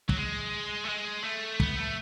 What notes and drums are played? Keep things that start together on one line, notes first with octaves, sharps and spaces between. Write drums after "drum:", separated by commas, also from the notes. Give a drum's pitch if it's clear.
F#3, drum: kick
G#3
A3
G#3
A3
B3, drum: kick
A3